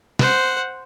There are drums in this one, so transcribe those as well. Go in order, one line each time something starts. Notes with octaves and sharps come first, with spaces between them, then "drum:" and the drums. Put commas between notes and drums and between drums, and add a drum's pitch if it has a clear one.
C5 F#5, drum: snare